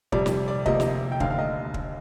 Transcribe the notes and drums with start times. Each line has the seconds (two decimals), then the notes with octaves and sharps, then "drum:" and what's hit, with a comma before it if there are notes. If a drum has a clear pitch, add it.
0.12 F2 C3 G3 D5, drum: kick
0.26 drum: snare
0.48 D5
0.66 D2 C3 F3 A#3 D#5, drum: kick
0.80 drum: snare
1.12 G5
1.20 F1 D#2 D3 F5, drum: kick
1.31 F5
1.38 D#5
1.74 drum: kick